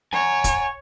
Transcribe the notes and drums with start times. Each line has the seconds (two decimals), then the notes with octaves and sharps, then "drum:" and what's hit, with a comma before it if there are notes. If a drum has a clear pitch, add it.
0.13 C#5 F#5 G#5
0.44 drum: kick, hi-hat